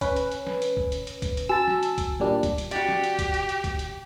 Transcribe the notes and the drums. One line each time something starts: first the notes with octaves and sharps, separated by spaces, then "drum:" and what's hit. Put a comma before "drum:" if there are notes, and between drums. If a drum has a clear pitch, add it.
C#4 B4, drum: kick, hi-hat
drum: hi-hat
drum: hi-hat
drum: snare
drum: hi-hat
drum: kick
drum: hi-hat
drum: hi-hat
drum: kick, hi-hat
drum: hi-hat
F#4 G#5 A5 E6
drum: snare
drum: hi-hat
drum: kick, hi-hat
A#2 G3 D4
drum: kick, hi-hat
drum: hi-hat
F#4 G4 D5, drum: hi-hat
drum: snare
drum: hi-hat
drum: kick, hi-hat
drum: hi-hat
drum: hi-hat
drum: kick, hi-hat
drum: hi-hat